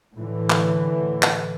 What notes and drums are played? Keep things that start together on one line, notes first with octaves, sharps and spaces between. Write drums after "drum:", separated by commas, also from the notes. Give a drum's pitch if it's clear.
A2 D3 E3
drum: clap
drum: clap